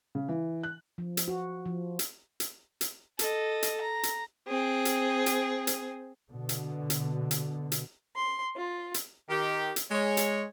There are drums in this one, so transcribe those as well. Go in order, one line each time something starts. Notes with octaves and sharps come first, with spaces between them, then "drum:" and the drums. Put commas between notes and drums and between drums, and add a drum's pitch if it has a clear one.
C#3
E3
F#6
F3
drum: hi-hat
F#4
F3
drum: hi-hat
drum: hi-hat
drum: hi-hat
A4 D#5, drum: hi-hat
drum: hi-hat
A#5
drum: hi-hat
C4 G#4
drum: hi-hat
drum: hi-hat
drum: hi-hat
B2 D3
drum: hi-hat
drum: hi-hat
drum: hi-hat
drum: hi-hat
C6
F4
drum: hi-hat
D#3 G4
drum: hi-hat
G#3 C#5
drum: hi-hat